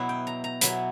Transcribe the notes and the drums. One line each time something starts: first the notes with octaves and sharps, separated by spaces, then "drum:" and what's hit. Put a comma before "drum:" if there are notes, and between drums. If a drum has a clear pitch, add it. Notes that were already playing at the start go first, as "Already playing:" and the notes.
Already playing: B2 F#3 B3 E4
G5
A#5
A#5
B2 F#3 B3 E4 B5, drum: hi-hat